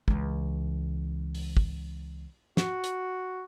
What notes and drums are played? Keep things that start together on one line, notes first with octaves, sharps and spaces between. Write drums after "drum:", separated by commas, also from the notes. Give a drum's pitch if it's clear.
C#2 E3, drum: kick
drum: open hi-hat
drum: kick
F#4, drum: snare
drum: hi-hat